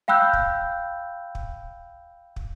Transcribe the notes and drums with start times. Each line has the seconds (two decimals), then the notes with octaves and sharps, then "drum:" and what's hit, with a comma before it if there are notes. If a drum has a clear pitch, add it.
0.08 F5 G5 B5 E6 F#6 G6
0.33 drum: kick
1.35 drum: kick
2.36 drum: kick